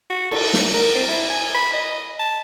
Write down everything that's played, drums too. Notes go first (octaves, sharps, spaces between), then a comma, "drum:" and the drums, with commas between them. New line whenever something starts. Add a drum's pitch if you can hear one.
F#4
A4, drum: cymbal
drum: snare
A#4
C4
E4
G#5
B5
D#5
A5